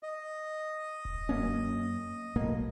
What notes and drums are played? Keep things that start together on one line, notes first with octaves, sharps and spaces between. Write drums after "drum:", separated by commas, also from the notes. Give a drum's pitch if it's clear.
D#5
drum: kick D#1
F#2 A#3 C#4
B1 A2 A#3